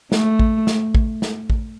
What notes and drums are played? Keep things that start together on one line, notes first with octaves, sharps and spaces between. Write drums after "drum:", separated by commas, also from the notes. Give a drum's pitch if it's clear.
A3, drum: snare
drum: kick A1
drum: snare
drum: kick A1
drum: snare
drum: kick A1